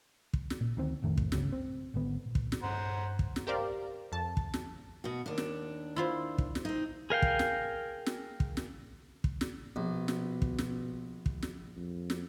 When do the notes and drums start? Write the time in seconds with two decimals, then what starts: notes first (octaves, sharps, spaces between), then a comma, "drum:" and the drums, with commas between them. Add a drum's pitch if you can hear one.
0.33 drum: kick
0.50 drum: snare
0.61 A#2
0.77 D2 D#3 C4
1.03 A1 F2 D#3 A3
1.18 drum: kick
1.32 G1 C#2 C#3, drum: snare
1.52 C4
1.94 G#1 D3 B3
2.26 A#2
2.35 drum: kick
2.52 drum: snare
2.63 G2 C5 F#5 A#5
3.19 drum: kick
3.36 drum: snare
3.47 G4 A#4 C5 D5 F5
4.12 F2 A5
4.37 drum: kick
4.54 drum: snare
5.04 B2 F#4
5.26 D#2 D4
5.38 drum: snare
5.96 E4 F4 C5
6.38 drum: kick
6.55 drum: snare
6.65 C4 D#4
7.10 G#4 A#4 F5 G5
7.22 drum: kick
7.39 drum: snare
8.06 drum: snare
8.40 drum: kick
8.57 drum: snare
9.24 drum: kick
9.41 drum: snare
9.76 A#1 B2
10.08 drum: snare
10.42 drum: kick
10.58 drum: snare
11.26 drum: kick
11.42 drum: snare
11.76 F2
12.10 drum: snare